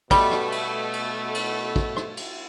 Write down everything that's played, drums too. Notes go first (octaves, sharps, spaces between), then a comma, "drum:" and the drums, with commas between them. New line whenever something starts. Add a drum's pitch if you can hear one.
B2 G3 A3, drum: kick, cymbal
drum: rim click
drum: cymbal
drum: cymbal
drum: cymbal
drum: kick
drum: rim click
drum: cymbal